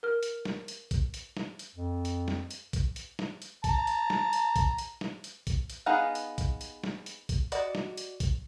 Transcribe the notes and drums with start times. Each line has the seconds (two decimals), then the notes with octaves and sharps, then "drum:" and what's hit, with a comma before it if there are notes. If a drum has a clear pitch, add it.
0.03 A#4 F6
0.23 drum: hi-hat
0.45 drum: snare
0.68 drum: hi-hat
0.91 drum: kick, hi-hat
1.14 drum: hi-hat
1.37 drum: snare
1.59 drum: hi-hat
1.75 F2
2.05 drum: hi-hat
2.28 drum: snare
2.51 drum: hi-hat
2.73 drum: kick, hi-hat
2.96 drum: hi-hat
3.19 drum: snare
3.42 drum: hi-hat
3.64 A5 A#5, drum: kick, hi-hat
3.87 drum: hi-hat
4.10 drum: snare
4.33 drum: hi-hat
4.56 drum: kick, hi-hat
4.78 drum: hi-hat
5.01 drum: snare
5.24 drum: hi-hat
5.47 drum: kick, hi-hat
5.70 drum: hi-hat
5.86 B3 D#4 G#4 F5 F#5
6.15 drum: hi-hat
6.38 drum: kick, hi-hat
6.61 drum: hi-hat
6.84 drum: snare
7.06 drum: hi-hat
7.29 drum: kick, hi-hat
7.52 F#4 D5 D#5, drum: hi-hat
7.75 drum: snare
7.97 drum: hi-hat
8.20 drum: kick, hi-hat